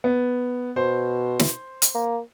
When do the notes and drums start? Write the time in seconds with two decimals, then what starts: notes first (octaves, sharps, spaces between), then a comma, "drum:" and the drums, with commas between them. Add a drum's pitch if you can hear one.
0.04 B3
0.76 B2 C5
1.40 drum: snare
1.82 drum: hi-hat
1.95 A#3